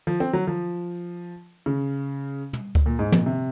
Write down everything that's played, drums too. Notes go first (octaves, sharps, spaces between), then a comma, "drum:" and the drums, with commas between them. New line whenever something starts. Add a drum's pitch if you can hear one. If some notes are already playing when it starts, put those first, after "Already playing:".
F3
C4
F#3
F3
C#3
drum: tom
drum: kick C#2
A#2
G#2
A#2, drum: tom
C3